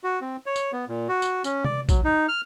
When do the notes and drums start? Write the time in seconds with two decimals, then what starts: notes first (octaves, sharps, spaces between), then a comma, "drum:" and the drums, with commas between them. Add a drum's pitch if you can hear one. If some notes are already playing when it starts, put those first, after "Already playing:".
0.04 F#4
0.21 C4
0.46 C#5
0.56 drum: tambourine
0.73 B3
0.88 A#2
1.09 F#4
1.22 drum: tambourine
1.44 C#4, drum: tambourine
1.64 D5, drum: tom C3
1.89 F#3, drum: kick, tambourine
2.04 D#4
2.28 F6